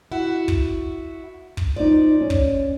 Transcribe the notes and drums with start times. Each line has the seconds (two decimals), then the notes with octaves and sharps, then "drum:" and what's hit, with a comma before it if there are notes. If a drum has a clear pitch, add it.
0.12 E4 F#4
0.48 drum: kick
1.57 drum: kick
1.76 F3 D#4 D5
2.21 C#4
2.30 drum: kick